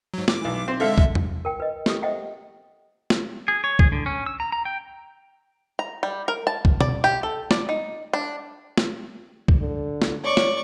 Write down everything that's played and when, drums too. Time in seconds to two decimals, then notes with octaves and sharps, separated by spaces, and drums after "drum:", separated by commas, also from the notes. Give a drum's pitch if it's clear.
0.14 G#2 F#3
0.28 D6, drum: snare
0.41 B1 E3
0.68 C4 C5
0.80 D3 G#3 A4 E5 F5
0.98 drum: kick
1.15 drum: tom E2
1.45 A#4 G5
1.60 B4 D#5
1.86 G4 A4 D#6, drum: snare
2.02 C5 D#5 E5 F#5 G5
3.10 drum: snare
3.48 G#4
3.64 C#5
3.79 G#4, drum: kick
3.92 D3
4.06 C#4
4.26 E6
4.40 A#5
4.52 A#5
4.65 G5
5.79 A#5
6.03 G3
6.28 A#4
6.47 A5
6.65 drum: kick
6.81 D5, drum: tom B2
7.04 G4
7.23 A4
7.51 D5, drum: snare
7.69 D#4
8.13 D4
8.78 drum: snare
9.48 drum: kick
9.59 D3
10.02 drum: snare
10.24 C#5 D5 C#6
10.37 drum: snare